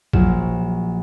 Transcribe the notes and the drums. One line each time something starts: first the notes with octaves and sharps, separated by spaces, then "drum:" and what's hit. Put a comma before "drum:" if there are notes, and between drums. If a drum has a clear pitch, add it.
A#1 F3 F#3 F6 E7, drum: kick A1